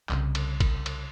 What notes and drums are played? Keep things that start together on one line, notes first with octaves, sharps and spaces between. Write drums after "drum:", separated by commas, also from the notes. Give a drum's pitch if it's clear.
C2 C#3, drum: clap
drum: cymbal
drum: kick, cymbal
drum: cymbal